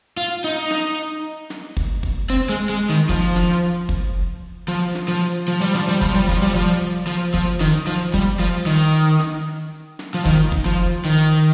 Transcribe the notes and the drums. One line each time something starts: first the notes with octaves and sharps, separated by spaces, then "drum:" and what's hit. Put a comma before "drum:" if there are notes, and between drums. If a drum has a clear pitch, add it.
F4
D#4
drum: snare
drum: snare
drum: kick
drum: kick
C4
G#3
G#3
D#3
F3, drum: kick
drum: snare
drum: kick
F3
drum: snare
F3
F3
G3
F3, drum: snare
G3
F3, drum: kick
G3
F3, drum: kick
G3
F3
F3
F3, drum: kick
D#3, drum: snare
F3
G3, drum: kick
F3
D#3
drum: snare
drum: snare
F3
D#3, drum: kick
drum: kick
F3
D#3